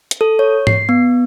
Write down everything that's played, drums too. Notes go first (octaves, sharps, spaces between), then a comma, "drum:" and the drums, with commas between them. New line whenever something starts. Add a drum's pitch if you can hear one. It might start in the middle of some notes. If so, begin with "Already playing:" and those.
drum: hi-hat
A4
C#5
C7, drum: tom G#2
B3